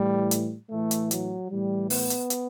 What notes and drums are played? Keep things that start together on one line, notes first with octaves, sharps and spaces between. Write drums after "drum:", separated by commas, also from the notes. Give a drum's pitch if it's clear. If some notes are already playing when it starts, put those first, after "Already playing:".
Already playing: A2 E3 G3
drum: hi-hat
A2 E3 A3
drum: hi-hat
F#3, drum: hi-hat
A2 E3 G3
B3, drum: open hi-hat
drum: hi-hat
drum: hi-hat